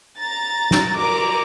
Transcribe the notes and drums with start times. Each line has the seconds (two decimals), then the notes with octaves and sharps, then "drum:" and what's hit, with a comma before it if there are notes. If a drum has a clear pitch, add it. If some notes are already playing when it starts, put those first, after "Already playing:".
0.18 A#5 A6
0.71 drum: snare
0.95 A#4 A#5 D6, drum: cymbal